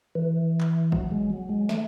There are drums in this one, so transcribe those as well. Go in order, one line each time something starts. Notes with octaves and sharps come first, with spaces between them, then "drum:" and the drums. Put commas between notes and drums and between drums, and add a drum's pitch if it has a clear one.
E3
drum: clap
F#3, drum: kick G1
G#3
F#3
G#3
A3, drum: snare